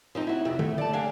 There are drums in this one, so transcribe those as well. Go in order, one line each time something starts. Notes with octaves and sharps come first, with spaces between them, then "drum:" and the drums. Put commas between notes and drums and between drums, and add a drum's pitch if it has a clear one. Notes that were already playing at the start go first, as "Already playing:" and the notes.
F3 C4 D#4
E4 F#4
F2 C3 C4
A3, drum: tom
D5 A5
A#3 D4 F5 G5 G#5